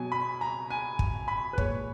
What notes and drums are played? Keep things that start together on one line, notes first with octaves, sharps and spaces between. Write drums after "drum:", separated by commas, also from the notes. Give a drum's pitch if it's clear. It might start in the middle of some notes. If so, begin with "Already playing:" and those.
Already playing: B2 F#3 G#5
B5
A#5
G#5
drum: kick
B5
B4
A#2 G#3 C#5, drum: kick